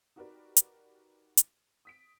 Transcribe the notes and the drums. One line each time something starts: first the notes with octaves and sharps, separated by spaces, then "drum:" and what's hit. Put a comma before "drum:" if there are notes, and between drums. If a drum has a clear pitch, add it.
D#4 F#4 G4 A#4 B4 D5
drum: hi-hat
drum: hi-hat
D#6 B6 D7